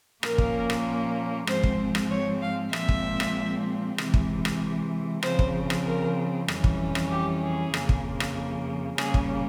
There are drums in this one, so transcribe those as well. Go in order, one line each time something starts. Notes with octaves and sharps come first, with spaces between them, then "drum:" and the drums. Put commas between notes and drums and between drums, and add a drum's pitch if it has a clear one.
A#2 F3 A#3 C#4 A#4, drum: rim click
drum: kick
drum: rim click
G#2 F3 G#3 C4 C5, drum: rim click
drum: kick
drum: rim click
C#5
F5
A#2 F3 G#3 C4 E5, drum: rim click
drum: kick
drum: rim click
C3 E3 G#3, drum: rim click
drum: kick
drum: rim click
C#3 F3 C4 C5, drum: rim click
drum: kick
drum: rim click
A#4
F2 E3 G3 C#4, drum: rim click
drum: kick
drum: rim click
G4
G#4
F2 C#3 F3 A#3, drum: rim click
drum: kick
drum: rim click
C#3 G3 A#3 C#4 G#4, drum: rim click
drum: kick